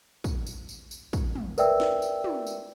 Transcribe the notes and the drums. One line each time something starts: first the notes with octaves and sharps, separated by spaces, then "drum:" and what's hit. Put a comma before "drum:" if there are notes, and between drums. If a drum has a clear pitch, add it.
drum: kick, tambourine
drum: tambourine
drum: tambourine
drum: tambourine
drum: kick, tambourine
drum: tom
A#4 B4 D5 E5 G5 E6, drum: tambourine
drum: snare
drum: tambourine
drum: tom
drum: tambourine